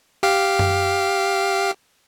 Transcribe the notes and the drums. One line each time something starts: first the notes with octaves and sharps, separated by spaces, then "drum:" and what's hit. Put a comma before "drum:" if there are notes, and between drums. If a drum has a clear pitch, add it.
G4 F5
drum: tom F#2